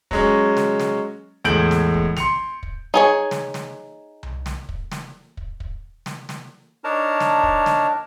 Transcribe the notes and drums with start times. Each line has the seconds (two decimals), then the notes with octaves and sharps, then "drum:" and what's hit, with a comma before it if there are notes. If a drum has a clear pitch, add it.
0.11 F#3 G#3 C#4, drum: kick
0.57 drum: snare
0.80 drum: snare
1.44 E2 A2 G#3 G6 D7 F#7
1.71 drum: snare
1.94 drum: kick
2.17 C6 C#7 F7, drum: snare
2.63 drum: kick
2.94 D#4 G#4 C#5
3.31 drum: snare
3.54 drum: snare
4.23 drum: tom C2
4.46 drum: snare
4.69 drum: kick
4.92 drum: snare
5.37 drum: kick
5.60 drum: kick
6.06 drum: snare
6.29 drum: snare
6.84 D4 D#4 A#4 C#5 A5 A#5
7.20 drum: snare
7.43 drum: kick
7.66 drum: snare